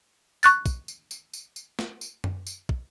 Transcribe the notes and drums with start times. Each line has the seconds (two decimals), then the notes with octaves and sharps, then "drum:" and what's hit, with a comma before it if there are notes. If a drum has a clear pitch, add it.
0.43 C#6 F#6 A6, drum: tambourine
0.66 drum: kick, tambourine
0.88 drum: tambourine
1.11 drum: tambourine
1.33 drum: tambourine
1.56 drum: tambourine
1.79 drum: snare
2.01 drum: tambourine
2.24 drum: tom F#2
2.47 drum: tambourine
2.69 drum: kick